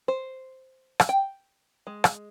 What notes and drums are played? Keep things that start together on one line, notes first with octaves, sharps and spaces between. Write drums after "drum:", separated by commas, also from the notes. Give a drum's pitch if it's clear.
C5
drum: rim click
G5
G#3
drum: rim click